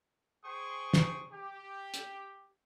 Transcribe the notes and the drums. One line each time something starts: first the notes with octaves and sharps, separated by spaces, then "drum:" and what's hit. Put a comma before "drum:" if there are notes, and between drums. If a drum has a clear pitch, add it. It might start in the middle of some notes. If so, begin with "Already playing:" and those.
G#4 C5 G5 C6 C#6 D#6
drum: snare
G4
drum: hi-hat